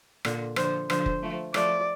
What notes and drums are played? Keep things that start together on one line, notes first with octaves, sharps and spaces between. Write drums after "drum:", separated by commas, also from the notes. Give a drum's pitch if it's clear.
A#2 D3, drum: rim click
D3 F3 C5, drum: rim click
D3 F3 C5, drum: rim click
drum: kick F1
F3 A3
F3 A3 D5, drum: rim click